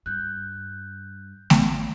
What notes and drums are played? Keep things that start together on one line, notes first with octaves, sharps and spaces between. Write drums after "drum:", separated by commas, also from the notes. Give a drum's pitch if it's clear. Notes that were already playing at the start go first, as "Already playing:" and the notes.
G2 F#6 G6
A1, drum: snare A3